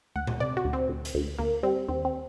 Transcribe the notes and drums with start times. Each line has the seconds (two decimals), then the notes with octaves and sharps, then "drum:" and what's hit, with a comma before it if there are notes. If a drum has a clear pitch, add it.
0.16 D2 F#5
0.27 drum: tom A#2
0.40 C3 D5
0.57 F#4
0.65 D2
0.73 C4
0.89 D2
1.05 drum: hi-hat
1.14 D2
1.39 D2 A#3
1.63 G3 C4
1.88 D#2 C4
2.05 C4